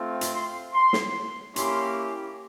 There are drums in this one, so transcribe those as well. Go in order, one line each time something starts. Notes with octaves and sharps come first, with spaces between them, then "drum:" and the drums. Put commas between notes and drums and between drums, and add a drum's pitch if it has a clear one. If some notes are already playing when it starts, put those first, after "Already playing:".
Already playing: A3 C4 F4
drum: hi-hat
C6
C6
drum: snare
A#3 C#4 E4 G4 C6, drum: hi-hat